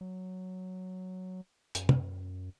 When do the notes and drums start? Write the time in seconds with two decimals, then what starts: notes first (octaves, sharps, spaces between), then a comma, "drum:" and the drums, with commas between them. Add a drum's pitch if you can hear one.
0.01 F#3
1.75 F#2, drum: hi-hat
1.89 drum: tom